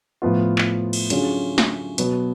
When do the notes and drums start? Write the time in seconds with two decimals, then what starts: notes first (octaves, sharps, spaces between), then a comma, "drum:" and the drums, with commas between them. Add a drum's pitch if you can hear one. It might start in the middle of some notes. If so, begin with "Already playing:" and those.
0.22 A2 F3 B3 F4
0.58 drum: clap
0.93 drum: cymbal
1.10 D3 F#3 C#4 F4 G#4, drum: hi-hat
1.58 drum: snare
1.98 B2 F#3 B3, drum: hi-hat